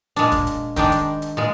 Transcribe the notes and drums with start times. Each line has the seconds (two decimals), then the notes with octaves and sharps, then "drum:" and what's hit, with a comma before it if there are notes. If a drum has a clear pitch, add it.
0.16 A#2 G#3 D4, drum: hi-hat
0.32 drum: kick, hi-hat
0.47 drum: hi-hat
0.76 D#3 G#3 D4 G5, drum: kick, hi-hat
0.92 drum: hi-hat
1.22 drum: hi-hat
1.37 A#2 G#3